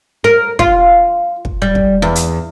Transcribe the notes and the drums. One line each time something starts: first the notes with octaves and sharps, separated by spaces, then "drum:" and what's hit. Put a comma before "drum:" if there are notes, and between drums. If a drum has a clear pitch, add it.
A#4
F4, drum: kick
drum: kick
G3
drum: kick
E2
drum: hi-hat